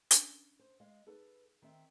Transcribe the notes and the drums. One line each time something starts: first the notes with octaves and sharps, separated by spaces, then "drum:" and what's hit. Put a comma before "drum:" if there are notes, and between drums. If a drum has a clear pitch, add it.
C#4 D4 G#5, drum: hi-hat
C5
G#3 D#5 F5
D#4 G#4 A4 B4
D#3 C4 E5